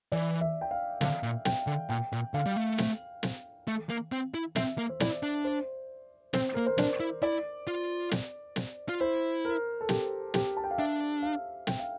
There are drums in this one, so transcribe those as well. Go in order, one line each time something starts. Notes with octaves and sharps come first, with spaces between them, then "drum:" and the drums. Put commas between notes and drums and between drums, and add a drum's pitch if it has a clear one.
E3 D5
E5
G5
F5
D3 F5, drum: snare
A#2
G5, drum: snare
D3
A#2 G5
A#2
D3 F5
G3
A3
drum: snare
drum: snare
A3
A#3
C4
E4
C4 E5, drum: snare
A#3
C5
E4 D5, drum: snare
D4
C5
C4 C5, drum: snare
A#3 A#4
C5
D4 D5, drum: snare
E4
E4 D5
F4
drum: snare
drum: snare
F4
E4 C5
A#4
A4
G4, drum: snare
G4, drum: snare
A5
G5
F5
D4 E5
F5
G5, drum: snare
F5